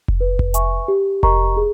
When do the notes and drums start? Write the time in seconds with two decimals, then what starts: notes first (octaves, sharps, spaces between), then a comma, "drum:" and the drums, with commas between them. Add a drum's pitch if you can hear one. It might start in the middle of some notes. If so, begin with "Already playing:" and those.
0.08 drum: kick F1
0.21 B4
0.39 drum: kick F1
0.54 E5 G#5 C#6, drum: hi-hat
0.88 G4
1.23 A#4 D#5 A#5 C#6, drum: kick F1
1.57 G#4